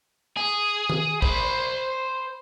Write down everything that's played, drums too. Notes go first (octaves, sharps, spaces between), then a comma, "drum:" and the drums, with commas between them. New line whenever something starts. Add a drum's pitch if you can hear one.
G#4
drum: tom D#3
C5 B5, drum: kick